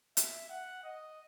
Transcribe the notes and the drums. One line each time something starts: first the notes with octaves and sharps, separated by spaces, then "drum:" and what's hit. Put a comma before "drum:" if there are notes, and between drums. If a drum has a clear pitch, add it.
E5, drum: hi-hat
F#5
D#5